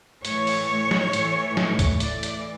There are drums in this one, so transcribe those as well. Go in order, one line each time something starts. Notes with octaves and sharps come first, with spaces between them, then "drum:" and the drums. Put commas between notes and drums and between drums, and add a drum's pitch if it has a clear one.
A2 E3 C#5, drum: hi-hat
drum: open hi-hat
drum: snare
A2 E3, drum: hi-hat
drum: snare
drum: kick, hi-hat
A2 E3 D5, drum: hi-hat
drum: hi-hat